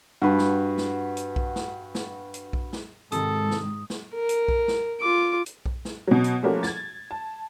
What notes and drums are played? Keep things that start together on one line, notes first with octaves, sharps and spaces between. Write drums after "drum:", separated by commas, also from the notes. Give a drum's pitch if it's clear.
G2 F#4 B4 A5
drum: snare
drum: snare
drum: hi-hat
drum: kick B1
drum: snare
drum: snare
drum: hi-hat
drum: kick B1
drum: snare
G#2 C3 D#3 A4 D#6, drum: hi-hat
drum: snare
drum: snare
A#4
drum: hi-hat
drum: kick B1
drum: snare
F4 D6
drum: hi-hat
drum: kick B1
drum: snare
B2 F#3
drum: hi-hat
F3 G3 A3 A#3 C#4 F#4
G#6 A6, drum: snare
A5